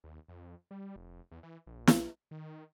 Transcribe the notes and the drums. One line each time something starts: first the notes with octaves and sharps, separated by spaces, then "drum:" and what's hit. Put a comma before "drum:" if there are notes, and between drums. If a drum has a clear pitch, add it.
D#2
F2
G3
F1
E2
E3
A#1
drum: snare
D#3